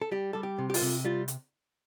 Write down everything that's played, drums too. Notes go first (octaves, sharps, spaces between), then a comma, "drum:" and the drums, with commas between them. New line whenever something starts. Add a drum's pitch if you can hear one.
A4
G3 G4
G3 A4
G4
C3
G4
F4, drum: open hi-hat
C3
G3 F4
drum: hi-hat